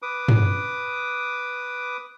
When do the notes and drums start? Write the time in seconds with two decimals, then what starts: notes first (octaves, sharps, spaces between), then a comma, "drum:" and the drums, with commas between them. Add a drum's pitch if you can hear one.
0.02 B4 D6 D#6
0.28 drum: tom